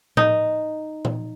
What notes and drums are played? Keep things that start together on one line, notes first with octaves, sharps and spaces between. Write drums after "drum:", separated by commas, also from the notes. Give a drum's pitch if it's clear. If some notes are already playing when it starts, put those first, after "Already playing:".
D#4, drum: tom A2
drum: tom A#2